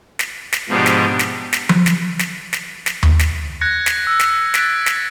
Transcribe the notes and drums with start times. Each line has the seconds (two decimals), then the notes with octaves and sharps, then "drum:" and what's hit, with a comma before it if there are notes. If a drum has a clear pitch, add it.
0.19 drum: snare
0.52 drum: snare
0.69 G#2 B2 F3 B3 D4 G4
0.86 drum: snare
1.19 drum: snare
1.53 drum: snare
1.69 drum: tom F3
1.86 drum: snare
2.19 drum: snare
2.53 drum: snare
2.86 drum: snare
3.03 drum: tom D#2
3.19 drum: snare
3.61 F#6 G#6 A#6 C#7
3.86 drum: snare
4.07 E6
4.19 drum: snare
4.54 E6 F#6 A6 B6 D7, drum: snare
4.86 drum: snare